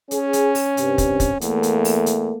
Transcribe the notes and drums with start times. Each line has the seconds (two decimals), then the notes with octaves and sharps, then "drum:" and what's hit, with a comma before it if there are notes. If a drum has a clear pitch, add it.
0.11 C#4 G#4, drum: hi-hat
0.33 drum: hi-hat
0.55 drum: open hi-hat
0.77 G2 C3, drum: hi-hat
0.98 drum: kick, hi-hat
1.20 drum: kick, hi-hat
1.41 E2 A3 A#3, drum: hi-hat
1.63 drum: hi-hat
1.85 drum: open hi-hat
2.06 drum: hi-hat